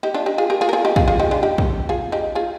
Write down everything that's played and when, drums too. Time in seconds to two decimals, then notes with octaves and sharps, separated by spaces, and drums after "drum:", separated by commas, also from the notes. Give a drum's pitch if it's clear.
0.03 D#4 G4
0.14 D4 F4
0.26 D#4 G4
0.38 F4 G#4
0.50 G4 A#4
0.61 F4 G#4
0.69 A#4
0.73 F4 G#4
0.85 D#4 G4
0.96 F4 G#4, drum: kick
1.08 F4 G#4
1.19 D#4 G4
1.31 D4 F4
1.43 D#4 G4
1.58 drum: kick
1.89 F4 G#4
2.12 D#4 G4
2.35 F4 G#4